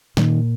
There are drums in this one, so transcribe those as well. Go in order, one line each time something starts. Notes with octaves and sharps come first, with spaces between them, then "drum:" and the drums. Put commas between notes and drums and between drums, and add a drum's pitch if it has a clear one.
A#2 D#3, drum: snare